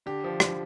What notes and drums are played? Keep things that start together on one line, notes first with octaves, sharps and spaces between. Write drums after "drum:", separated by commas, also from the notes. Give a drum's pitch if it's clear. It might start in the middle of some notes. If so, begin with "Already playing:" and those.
D3 G4
F3
drum: rim click